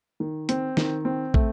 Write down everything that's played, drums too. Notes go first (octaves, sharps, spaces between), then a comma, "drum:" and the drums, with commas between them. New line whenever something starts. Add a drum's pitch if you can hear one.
D#3
C4, drum: hi-hat
D#3, drum: snare
C4
A3, drum: kick